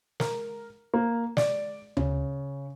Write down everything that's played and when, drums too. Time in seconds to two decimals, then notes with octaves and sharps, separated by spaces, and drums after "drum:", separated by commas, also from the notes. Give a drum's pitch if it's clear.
0.20 A#4, drum: snare
0.94 A#3
1.37 D5, drum: snare
1.97 C#3, drum: tom D2